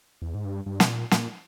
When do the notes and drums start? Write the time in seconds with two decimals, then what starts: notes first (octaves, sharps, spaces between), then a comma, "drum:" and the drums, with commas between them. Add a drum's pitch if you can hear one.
0.22 E2
0.35 G#2
0.45 G2
0.66 G2
0.80 B2, drum: snare
0.89 A#2
1.11 A#2, drum: snare